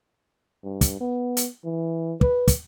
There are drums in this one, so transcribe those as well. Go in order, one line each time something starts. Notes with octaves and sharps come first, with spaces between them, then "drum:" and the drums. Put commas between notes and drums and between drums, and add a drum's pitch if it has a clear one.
G2
drum: kick, hi-hat
B3
drum: hi-hat
E3
B4, drum: kick
drum: kick, hi-hat